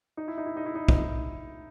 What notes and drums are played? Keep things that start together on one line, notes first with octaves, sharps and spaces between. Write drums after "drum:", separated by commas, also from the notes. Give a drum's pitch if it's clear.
D#4
E4
D#4
E4
D#4
E4
D#4
D#4, drum: kick